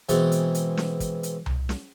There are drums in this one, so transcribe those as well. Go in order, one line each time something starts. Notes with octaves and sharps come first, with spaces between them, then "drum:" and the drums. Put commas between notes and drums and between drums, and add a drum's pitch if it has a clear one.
B2 E3 G#3 C4 A5 C#6, drum: hi-hat
drum: hi-hat
drum: hi-hat
drum: snare
drum: kick, hi-hat
drum: hi-hat
drum: tom C2
drum: snare